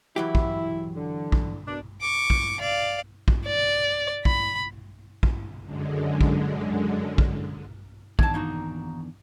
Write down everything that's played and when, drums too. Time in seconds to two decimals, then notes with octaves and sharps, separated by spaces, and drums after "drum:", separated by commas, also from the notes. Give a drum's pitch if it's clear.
0.16 E3 F#3 E4 G4
0.35 drum: kick
0.96 D3
1.32 drum: kick
1.67 B2 A#3 D4
2.01 C#6 D6
2.30 drum: kick
2.60 D5 F5
3.28 drum: kick
3.47 D5
4.25 B5, drum: kick
5.23 drum: kick
5.62 F#2 D3 G#3
6.21 drum: kick
7.18 drum: kick
8.19 E2 D#3 E3 D4 A5, drum: kick
8.34 A#3 D#4 F#4